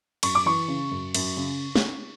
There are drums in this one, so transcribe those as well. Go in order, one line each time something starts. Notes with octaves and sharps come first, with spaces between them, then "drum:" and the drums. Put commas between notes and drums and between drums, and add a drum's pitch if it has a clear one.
F#2 C#6, drum: cymbal
D6
E3 C#6
C#3
F#2
F#2, drum: cymbal
C#3
drum: snare